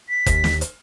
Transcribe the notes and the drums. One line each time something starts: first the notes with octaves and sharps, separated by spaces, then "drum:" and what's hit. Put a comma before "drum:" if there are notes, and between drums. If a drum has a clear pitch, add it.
B6
D#2, drum: kick F#1, hi-hat
drum: snare
drum: hi-hat